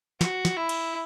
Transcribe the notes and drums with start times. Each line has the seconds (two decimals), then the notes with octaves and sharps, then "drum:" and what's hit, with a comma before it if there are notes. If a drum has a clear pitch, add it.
0.21 F#4, drum: snare
0.45 drum: snare
0.57 E4
0.69 drum: cymbal